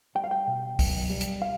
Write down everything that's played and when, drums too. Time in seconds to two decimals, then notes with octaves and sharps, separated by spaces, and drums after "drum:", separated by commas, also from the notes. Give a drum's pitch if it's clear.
0.15 G3 G5
0.24 F5
0.31 G5
0.47 B2
0.79 B1, drum: kick, open hi-hat
1.10 G3
1.21 drum: hi-hat
1.42 F5